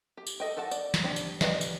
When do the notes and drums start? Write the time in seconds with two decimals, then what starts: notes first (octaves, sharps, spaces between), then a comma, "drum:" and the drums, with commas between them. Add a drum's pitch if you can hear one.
0.17 G4
0.27 drum: tambourine
0.40 A4 D#5 G5
0.57 A4 D5 F#5 A5
0.71 D5, drum: tambourine
0.94 drum: snare
1.04 D4 G4 D5
1.16 drum: tambourine
1.41 G4 B4 D5 D#5 F5, drum: snare
1.61 drum: tambourine